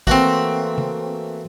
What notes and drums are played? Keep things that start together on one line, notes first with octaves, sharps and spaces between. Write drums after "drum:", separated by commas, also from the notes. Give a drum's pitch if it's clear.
E3 A3 A#3 C4 F#4, drum: kick
drum: tom